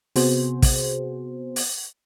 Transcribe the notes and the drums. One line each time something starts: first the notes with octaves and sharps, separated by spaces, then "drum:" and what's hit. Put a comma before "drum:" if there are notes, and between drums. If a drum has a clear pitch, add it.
C3 B3 F#4 G#4 C5, drum: open hi-hat
drum: kick, open hi-hat
drum: open hi-hat